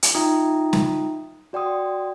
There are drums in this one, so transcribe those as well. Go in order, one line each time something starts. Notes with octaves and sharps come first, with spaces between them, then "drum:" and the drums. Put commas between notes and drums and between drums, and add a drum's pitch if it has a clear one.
drum: hi-hat
D#4 F4 E5 G5 A#5 D#6
drum: snare
F#4 D5 G5 C6 D#6